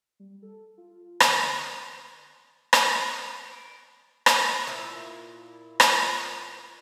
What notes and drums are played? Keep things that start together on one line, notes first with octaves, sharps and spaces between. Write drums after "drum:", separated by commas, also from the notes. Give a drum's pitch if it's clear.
G3
A4
F4
D3, drum: rim click
C6
drum: rim click
B5 C7 C#7
D7
drum: rim click
A#2 E4 E5
drum: rim click